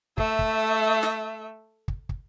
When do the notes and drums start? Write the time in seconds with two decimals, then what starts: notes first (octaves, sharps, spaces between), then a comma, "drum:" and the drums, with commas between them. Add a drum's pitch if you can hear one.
0.18 A3 E5, drum: kick
0.39 drum: kick
1.03 drum: snare
1.88 drum: kick
2.09 drum: kick